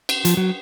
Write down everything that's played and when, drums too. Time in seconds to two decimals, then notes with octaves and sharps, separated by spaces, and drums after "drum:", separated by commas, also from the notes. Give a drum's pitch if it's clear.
0.09 drum: cymbal
0.25 F3, drum: hi-hat
0.37 F#3